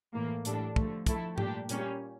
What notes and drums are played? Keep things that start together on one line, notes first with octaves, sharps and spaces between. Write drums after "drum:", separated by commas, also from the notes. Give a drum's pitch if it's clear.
A2 E3 A#3
A2 G3 D4 A4, drum: hi-hat
D3 F3 A3, drum: kick
F3 A3 E4 A4, drum: kick, hi-hat
A#2 G3 D4 G4, drum: tom G#2
A#2 G3 A#3 C#4 G4, drum: hi-hat